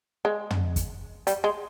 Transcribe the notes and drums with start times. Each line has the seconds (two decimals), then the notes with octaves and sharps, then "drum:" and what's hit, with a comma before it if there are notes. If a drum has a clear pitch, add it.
0.25 G#3
0.50 drum: tom
0.76 drum: kick, hi-hat
1.27 G3, drum: hi-hat
1.44 G#3